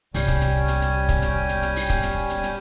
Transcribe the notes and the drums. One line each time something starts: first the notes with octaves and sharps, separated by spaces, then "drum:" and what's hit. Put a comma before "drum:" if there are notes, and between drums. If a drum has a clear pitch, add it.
C2 G3 C#4 G5 G#5, drum: open hi-hat
drum: kick, hi-hat
drum: hi-hat
drum: hi-hat
drum: hi-hat
drum: kick, hi-hat
drum: hi-hat
drum: hi-hat
drum: hi-hat
drum: open hi-hat
drum: kick, hi-hat
drum: hi-hat
drum: hi-hat
drum: hi-hat